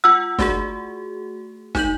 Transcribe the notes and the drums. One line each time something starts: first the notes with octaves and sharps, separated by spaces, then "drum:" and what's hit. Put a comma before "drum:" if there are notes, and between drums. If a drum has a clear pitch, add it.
F4 F#5 E6
A3 F#4 G#4, drum: snare
D#4 G6 F#7, drum: snare